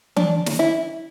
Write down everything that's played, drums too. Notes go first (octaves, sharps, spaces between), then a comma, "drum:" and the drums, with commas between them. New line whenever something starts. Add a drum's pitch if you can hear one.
D4, drum: tom E3
drum: snare
E4